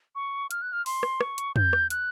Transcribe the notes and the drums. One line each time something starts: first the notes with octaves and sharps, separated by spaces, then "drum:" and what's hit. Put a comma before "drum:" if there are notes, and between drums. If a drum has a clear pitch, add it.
C#6
F6, drum: hi-hat
F#6
F6
C6, drum: open hi-hat
drum: rim click
C#6, drum: rim click
drum: hi-hat
G6, drum: tom
drum: rim click
F#6, drum: hi-hat